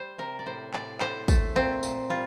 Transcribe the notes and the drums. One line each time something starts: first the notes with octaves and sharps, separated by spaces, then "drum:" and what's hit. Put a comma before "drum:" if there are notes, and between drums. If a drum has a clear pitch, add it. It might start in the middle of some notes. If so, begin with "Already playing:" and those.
Already playing: G3 C5
C3 A#4
D5
A2 C5
A2 D5, drum: clap
A2 C5, drum: clap
A3, drum: kick, tambourine
A#2 C4
A#2, drum: tambourine
G3 F4